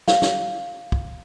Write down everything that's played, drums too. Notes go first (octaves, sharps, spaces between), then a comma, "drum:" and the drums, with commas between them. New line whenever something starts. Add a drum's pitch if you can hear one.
F5, drum: snare
drum: snare
drum: kick